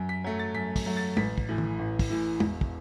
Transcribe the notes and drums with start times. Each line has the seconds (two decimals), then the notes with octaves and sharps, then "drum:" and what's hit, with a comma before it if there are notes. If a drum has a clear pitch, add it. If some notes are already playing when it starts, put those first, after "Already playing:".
Already playing: F#2
0.09 B6
0.24 F#3 A3
0.39 A6
0.55 F#2 B6
0.76 drum: kick, open hi-hat
0.86 F#3 A3
0.97 A6
1.17 A1 B6, drum: tom G#3
1.38 drum: kick
1.48 A2 E3
1.58 drum: tom D#3
1.79 A1
1.99 drum: kick, open hi-hat
2.10 A2 E3
2.40 E1, drum: tom G#3
2.61 drum: kick